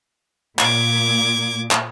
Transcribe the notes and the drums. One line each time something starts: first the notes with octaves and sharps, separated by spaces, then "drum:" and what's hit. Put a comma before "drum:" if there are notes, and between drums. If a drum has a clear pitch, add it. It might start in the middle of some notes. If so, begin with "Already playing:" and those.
A#2 D6 G#6, drum: clap
drum: clap